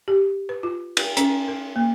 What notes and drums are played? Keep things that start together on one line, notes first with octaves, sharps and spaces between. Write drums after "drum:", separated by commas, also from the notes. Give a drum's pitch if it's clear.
G4
B4
F4
drum: cymbal
C#4, drum: hi-hat
A#4
A#3